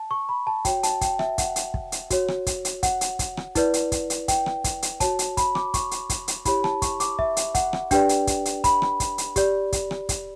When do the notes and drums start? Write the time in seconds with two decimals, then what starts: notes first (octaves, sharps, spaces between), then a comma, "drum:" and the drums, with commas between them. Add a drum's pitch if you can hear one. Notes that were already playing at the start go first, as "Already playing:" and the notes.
Already playing: A5
0.11 C#6
0.29 B5
0.47 A5
0.65 F#4 C#5 G5, drum: kick, hi-hat
0.83 A5, drum: hi-hat
1.01 G5, drum: kick, hi-hat
1.19 E5, drum: rim click
1.38 F#5, drum: kick, hi-hat
1.56 drum: hi-hat
1.74 drum: kick
1.92 drum: hi-hat
2.10 F#4 C#5, drum: kick, hi-hat
2.28 drum: rim click
2.47 drum: kick, hi-hat
2.65 drum: hi-hat
2.83 F#5, drum: kick, hi-hat
3.01 drum: hi-hat
3.19 drum: kick, hi-hat
3.37 drum: rim click
3.55 E4 B4 D5, drum: kick, hi-hat
3.74 drum: hi-hat
3.92 drum: kick, hi-hat
4.10 drum: hi-hat
4.28 G5, drum: kick, hi-hat
4.46 drum: rim click
4.64 drum: kick, hi-hat
4.82 drum: hi-hat
5.00 F#4 C#5 A5, drum: kick, hi-hat
5.19 drum: hi-hat
5.37 B5, drum: kick, hi-hat
5.55 D6, drum: rim click
5.74 C#6, drum: kick, hi-hat
5.91 drum: hi-hat
6.10 drum: kick, hi-hat
6.28 drum: hi-hat
6.45 E4 G4 C#5 B5, drum: kick, hi-hat
6.64 A5, drum: rim click
6.82 C#6, drum: kick, hi-hat
7.00 D6, drum: hi-hat
7.19 E5, drum: kick
7.37 drum: hi-hat
7.55 F#5, drum: kick, hi-hat
7.73 drum: rim click
7.91 D4 G4 B4 D5 G5, drum: kick, hi-hat
8.09 drum: hi-hat
8.27 drum: kick, hi-hat
8.45 drum: hi-hat
8.64 B5, drum: kick, hi-hat
8.82 drum: rim click
9.00 drum: kick, hi-hat
9.18 drum: hi-hat
9.36 G4 D5, drum: kick, hi-hat
9.73 drum: kick, hi-hat
9.91 drum: rim click
10.09 drum: kick, hi-hat